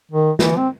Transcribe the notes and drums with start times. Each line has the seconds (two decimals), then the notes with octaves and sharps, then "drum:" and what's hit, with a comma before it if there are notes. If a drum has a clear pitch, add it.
0.11 D#3
0.39 E3, drum: snare
0.57 C4